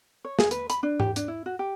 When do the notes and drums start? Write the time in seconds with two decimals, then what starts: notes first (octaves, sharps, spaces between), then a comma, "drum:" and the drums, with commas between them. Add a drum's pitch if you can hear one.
0.25 C#5
0.39 G#4, drum: snare
0.51 B4, drum: hi-hat
0.70 B5, drum: hi-hat
0.83 D4
1.00 G4, drum: tom G#2
1.16 D4, drum: hi-hat
1.28 E4
1.46 F#4
1.59 G4